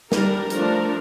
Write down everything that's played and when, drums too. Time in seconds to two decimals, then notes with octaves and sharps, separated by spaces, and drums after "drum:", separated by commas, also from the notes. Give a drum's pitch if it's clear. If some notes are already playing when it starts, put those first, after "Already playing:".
0.12 G3 D4 A#4, drum: snare
0.50 F3 A3 D4 A#4, drum: hi-hat